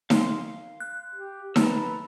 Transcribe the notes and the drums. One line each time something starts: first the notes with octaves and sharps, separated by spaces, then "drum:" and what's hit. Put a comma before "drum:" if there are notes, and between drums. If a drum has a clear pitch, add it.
F5 C6, drum: snare D#4
F#6
G4
A4 B4 A#5 E6, drum: snare D#4